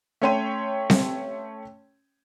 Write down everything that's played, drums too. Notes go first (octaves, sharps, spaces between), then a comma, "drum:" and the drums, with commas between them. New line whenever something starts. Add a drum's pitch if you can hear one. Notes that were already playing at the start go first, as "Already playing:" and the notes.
A3 C#4 C#5 G5 C6 D#7
drum: snare C4